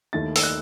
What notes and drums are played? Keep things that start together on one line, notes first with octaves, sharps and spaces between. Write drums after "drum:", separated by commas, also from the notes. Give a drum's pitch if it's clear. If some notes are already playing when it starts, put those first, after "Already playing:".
D#2 D#3 A3 E4 A6
E6, drum: open hi-hat
F#6